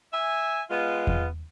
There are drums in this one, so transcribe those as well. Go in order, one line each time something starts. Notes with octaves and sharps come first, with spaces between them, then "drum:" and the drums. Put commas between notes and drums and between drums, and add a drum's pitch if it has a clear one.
E5 G#5
G#3 B3 F4
drum: kick E2